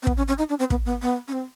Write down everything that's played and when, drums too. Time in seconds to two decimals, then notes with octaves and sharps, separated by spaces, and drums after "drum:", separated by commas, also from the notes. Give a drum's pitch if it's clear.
0.02 C4
0.07 B3, drum: kick
0.17 C#4
0.28 C#4
0.38 D#4
0.49 D4
0.59 C4
0.70 B3, drum: kick
0.85 B3
1.02 B3
1.28 C#4
1.32 C4